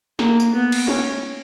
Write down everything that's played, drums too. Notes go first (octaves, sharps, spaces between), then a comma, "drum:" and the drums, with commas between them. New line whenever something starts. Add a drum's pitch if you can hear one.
A#3, drum: snare
drum: tambourine
B3
drum: cymbal
C#4, drum: tom